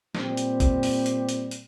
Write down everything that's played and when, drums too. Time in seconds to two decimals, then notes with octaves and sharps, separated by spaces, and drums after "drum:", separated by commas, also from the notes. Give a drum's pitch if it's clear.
0.15 A#2 G3 C4 G4, drum: snare
0.37 drum: hi-hat
0.60 drum: kick, hi-hat
0.83 drum: open hi-hat
1.06 drum: hi-hat
1.29 drum: hi-hat
1.51 drum: hi-hat